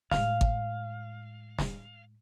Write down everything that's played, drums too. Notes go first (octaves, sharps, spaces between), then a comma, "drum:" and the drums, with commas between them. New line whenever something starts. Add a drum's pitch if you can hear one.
A2 G#3 F5, drum: snare
drum: kick G#1
drum: snare